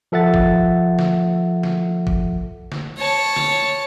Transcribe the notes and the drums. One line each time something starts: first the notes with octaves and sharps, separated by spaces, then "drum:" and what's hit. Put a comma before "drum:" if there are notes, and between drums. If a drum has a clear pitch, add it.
F3 A4 E5 F#5 A6
drum: kick
drum: snare
drum: snare
drum: kick
drum: snare
C#5 A5
drum: snare